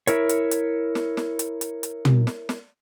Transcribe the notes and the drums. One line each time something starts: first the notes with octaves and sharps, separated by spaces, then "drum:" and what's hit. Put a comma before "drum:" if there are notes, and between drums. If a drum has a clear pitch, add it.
E4 A#4 C#5, drum: hi-hat
drum: hi-hat
drum: hi-hat
drum: snare
drum: snare
drum: hi-hat
drum: hi-hat
drum: hi-hat
drum: tom
drum: snare
drum: snare